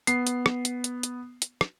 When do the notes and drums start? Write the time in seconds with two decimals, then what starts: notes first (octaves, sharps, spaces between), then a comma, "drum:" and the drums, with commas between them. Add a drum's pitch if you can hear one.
0.07 B3 C7, drum: hi-hat
0.27 drum: hi-hat
0.46 drum: rim click
0.65 drum: hi-hat
0.84 drum: hi-hat
1.03 drum: hi-hat
1.42 drum: hi-hat
1.61 drum: rim click